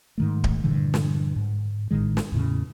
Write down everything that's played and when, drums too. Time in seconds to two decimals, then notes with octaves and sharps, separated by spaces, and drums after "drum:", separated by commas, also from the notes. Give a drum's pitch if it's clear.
0.18 G#2 D#3 A3
0.44 drum: kick D1
0.64 G2 A#2 D3 E3
0.94 drum: snare
1.36 G#2
1.91 A1 A2 D#3 G#3
2.17 drum: snare
2.32 E2 A2 C#3